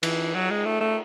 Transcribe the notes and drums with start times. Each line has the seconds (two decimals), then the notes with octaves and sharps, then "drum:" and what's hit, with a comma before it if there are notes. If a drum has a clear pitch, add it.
0.03 E3, drum: cymbal
0.35 F#3
0.50 G#3
0.65 A3
0.81 A3